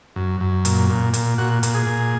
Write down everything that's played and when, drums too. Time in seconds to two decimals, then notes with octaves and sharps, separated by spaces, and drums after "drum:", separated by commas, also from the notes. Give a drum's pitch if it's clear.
0.16 F#2
0.41 F#2
0.65 A#2, drum: hi-hat
0.89 A#2
1.14 A#2, drum: hi-hat
1.38 A#2 F#4
1.63 A#2, drum: hi-hat
1.74 G#4
1.86 A#2